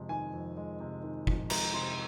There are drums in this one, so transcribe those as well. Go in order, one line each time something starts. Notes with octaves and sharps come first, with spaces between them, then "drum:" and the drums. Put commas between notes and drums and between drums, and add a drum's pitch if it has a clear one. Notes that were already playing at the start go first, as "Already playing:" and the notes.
Already playing: F2 C3 G#3
D#3 G#5
F2
G#3
C3
D#3
F2, drum: kick
G#3 A#5, drum: cymbal
C3 C6